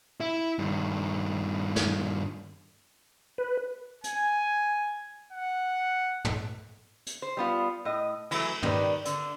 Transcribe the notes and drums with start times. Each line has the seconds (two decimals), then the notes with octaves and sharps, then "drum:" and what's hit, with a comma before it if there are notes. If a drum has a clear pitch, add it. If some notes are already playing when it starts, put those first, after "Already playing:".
0.20 E4
0.59 G2 D#3
1.76 drum: snare
3.38 B4
4.04 G#5, drum: hi-hat
5.32 F#5
6.25 drum: tom
7.06 drum: hi-hat
7.22 C5
7.37 G3 B3 F4
7.85 A2 D#5
8.31 E3 F#3 A3, drum: cymbal
8.63 D#3 G3 E4 B4 D5, drum: tom
9.05 D3, drum: hi-hat